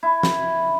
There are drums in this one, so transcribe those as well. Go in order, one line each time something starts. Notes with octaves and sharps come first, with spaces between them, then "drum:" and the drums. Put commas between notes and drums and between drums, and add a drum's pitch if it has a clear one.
E4
drum: snare